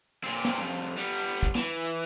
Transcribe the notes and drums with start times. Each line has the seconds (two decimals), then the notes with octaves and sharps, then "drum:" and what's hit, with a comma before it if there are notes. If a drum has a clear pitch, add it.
0.24 A#2 C4
0.45 drum: snare
0.59 C2 F2, drum: hi-hat
0.73 drum: hi-hat
0.87 drum: hi-hat
0.97 G3 B3
1.15 drum: hi-hat
1.29 drum: hi-hat
1.43 drum: kick, hi-hat
1.55 E3, drum: snare
1.71 drum: hi-hat
1.85 drum: hi-hat